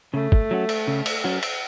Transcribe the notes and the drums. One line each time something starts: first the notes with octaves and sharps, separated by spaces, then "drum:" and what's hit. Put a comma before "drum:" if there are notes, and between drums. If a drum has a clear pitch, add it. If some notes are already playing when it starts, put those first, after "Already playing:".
C#3 A3
drum: kick
F#3 C#4 F#4
drum: cymbal
C#3
drum: cymbal
F#3 C#4 F#4
drum: cymbal